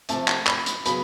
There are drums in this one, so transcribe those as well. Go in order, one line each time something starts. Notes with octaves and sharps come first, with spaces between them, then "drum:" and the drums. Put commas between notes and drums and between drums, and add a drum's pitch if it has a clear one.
C3 F3 A3 A5, drum: hi-hat
drum: clap
B5, drum: clap
drum: hi-hat
C#3 F#3 B3 B5, drum: hi-hat